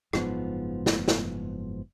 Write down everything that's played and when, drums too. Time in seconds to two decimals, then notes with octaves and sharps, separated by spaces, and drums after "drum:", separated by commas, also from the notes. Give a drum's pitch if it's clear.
0.13 F#1 G#2 F3 B3, drum: rim click
0.86 drum: snare
1.08 drum: snare